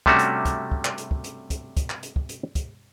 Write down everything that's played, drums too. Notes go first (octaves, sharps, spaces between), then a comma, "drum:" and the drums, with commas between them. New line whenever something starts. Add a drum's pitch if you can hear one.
C3 G3 A3 C#4 D4 F#4, drum: kick
drum: hi-hat
drum: kick, hi-hat
drum: kick
drum: clap
drum: hi-hat
drum: kick
drum: hi-hat
drum: kick, hi-hat
drum: kick, hi-hat
drum: clap
drum: hi-hat
drum: kick
drum: hi-hat
drum: kick, hi-hat